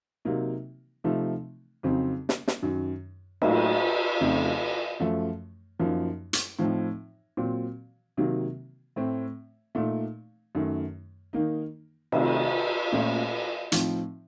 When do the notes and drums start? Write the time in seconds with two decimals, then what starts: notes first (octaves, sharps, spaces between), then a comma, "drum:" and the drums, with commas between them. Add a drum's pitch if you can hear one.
0.25 C3 F#3 A#3 D#4
1.04 C3 F3 A3 D#4
1.83 F2 C#3 F#3 C4 D#4
2.29 drum: snare
2.48 drum: snare
2.62 F#2 D#3 F#3
3.42 A2 F#3 A#3 D#4, drum: cymbal
4.21 F2 C#3 A3 C4 D#4
5.00 F#2 F3 A3
5.79 F#2 F3 A#3 D#4
6.33 drum: hi-hat
6.59 A2 F3 C4 D#4
7.37 A#2 F#3 C4
8.17 C3 D#3 F#3 A#3
8.96 A2 A3 C4
9.75 A#2 A3 D#4
10.55 F#2 D#3 A3
11.33 D#3 A#3 D#4
12.12 C3 D#3 A3 C4, drum: cymbal
12.93 A#2 A3 C#4
13.72 A2 F3 C4 D#4, drum: hi-hat